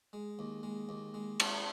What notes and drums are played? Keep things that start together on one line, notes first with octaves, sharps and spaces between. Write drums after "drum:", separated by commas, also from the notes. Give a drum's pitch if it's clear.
G#3
D#2
G#3
D#2
G#3
C4, drum: cymbal